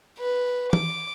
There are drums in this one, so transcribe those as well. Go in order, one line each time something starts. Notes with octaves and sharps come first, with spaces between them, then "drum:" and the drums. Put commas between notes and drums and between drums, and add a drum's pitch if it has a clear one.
B4
D6, drum: tom